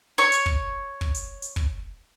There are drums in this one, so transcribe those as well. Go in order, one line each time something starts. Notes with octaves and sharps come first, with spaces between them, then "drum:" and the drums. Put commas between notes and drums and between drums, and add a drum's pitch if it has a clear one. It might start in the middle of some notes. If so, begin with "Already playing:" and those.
C#5 C#6
drum: hi-hat
drum: kick
drum: kick
drum: hi-hat
drum: hi-hat
drum: kick